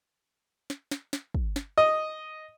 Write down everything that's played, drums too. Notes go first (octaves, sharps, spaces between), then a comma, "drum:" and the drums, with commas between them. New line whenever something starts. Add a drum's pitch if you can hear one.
drum: snare
drum: snare
drum: snare
drum: kick
drum: snare
D#5